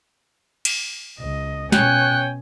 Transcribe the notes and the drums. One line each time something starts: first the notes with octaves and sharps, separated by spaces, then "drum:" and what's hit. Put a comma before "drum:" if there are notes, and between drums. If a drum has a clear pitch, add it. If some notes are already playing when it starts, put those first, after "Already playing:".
drum: cymbal
C#2 D#5
B2 C#4 C#5 G5 G#5 F#6, drum: snare